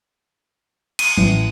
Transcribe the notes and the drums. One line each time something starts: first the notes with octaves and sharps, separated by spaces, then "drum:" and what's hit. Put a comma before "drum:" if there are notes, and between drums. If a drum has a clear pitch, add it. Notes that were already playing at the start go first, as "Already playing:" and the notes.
D#7, drum: cymbal
A1 E3, drum: tom F3